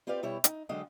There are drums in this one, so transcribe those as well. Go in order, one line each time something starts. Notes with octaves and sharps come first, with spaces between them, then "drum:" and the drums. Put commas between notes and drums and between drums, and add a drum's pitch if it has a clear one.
C4 F4 G4 B4 D5 F5
B2 G3 E4 G4 C#5
D#4, drum: hi-hat
D3 F#3 G#3 D#5 F5 G5